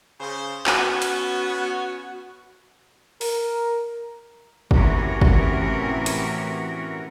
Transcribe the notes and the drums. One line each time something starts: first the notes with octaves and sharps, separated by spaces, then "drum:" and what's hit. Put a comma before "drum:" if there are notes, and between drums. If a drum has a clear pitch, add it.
C#3 C5
B3 C#4 F#4, drum: clap
drum: hi-hat
A#4, drum: open hi-hat
A2 C3 E3 C#4 F#4 A#4, drum: kick
drum: kick
drum: hi-hat